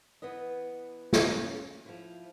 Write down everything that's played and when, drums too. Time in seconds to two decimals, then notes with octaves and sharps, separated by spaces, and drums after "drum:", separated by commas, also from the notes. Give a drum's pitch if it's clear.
0.22 E3 B3 B4 D#5
1.13 drum: snare
1.26 A#3 C#4 A#4
1.86 F3 E4